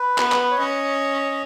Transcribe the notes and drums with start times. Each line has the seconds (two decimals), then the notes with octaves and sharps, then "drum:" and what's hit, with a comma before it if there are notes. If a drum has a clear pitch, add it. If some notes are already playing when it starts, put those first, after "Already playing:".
Already playing: B4
0.18 B3, drum: clap
0.32 drum: clap
0.51 C#5
0.58 C#4 D#5